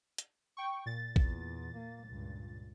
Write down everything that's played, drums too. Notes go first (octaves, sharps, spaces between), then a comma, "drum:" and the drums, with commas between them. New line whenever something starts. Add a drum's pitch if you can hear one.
drum: hi-hat
G5 C#6
A#2 A6
E2, drum: kick
A#3
C#2 G2